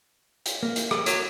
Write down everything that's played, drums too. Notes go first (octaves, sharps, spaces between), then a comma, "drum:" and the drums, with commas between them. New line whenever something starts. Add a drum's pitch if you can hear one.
drum: hi-hat
A#3
drum: hi-hat
drum: rim click
F#3, drum: hi-hat